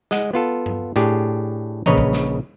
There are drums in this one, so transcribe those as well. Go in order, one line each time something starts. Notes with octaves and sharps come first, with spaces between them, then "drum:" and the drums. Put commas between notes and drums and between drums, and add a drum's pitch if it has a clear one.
G#3 D#5 F#5, drum: snare
B3 F4 A4
drum: tom G2
A2 D4 G4 G#4, drum: hi-hat
A#1 C#3 B4 C#5 D#5 A#5, drum: tom E3
drum: kick
drum: snare